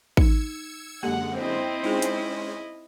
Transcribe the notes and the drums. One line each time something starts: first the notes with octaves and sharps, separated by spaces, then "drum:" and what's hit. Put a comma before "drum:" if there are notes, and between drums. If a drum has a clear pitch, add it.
D#4 E6 G#6 C#7, drum: kick
F#2 D3 G#3 A#3 G4 A4 F#5
C4 E4 D#5
G#3 C#4 D#4 F4 G#4 C5
drum: hi-hat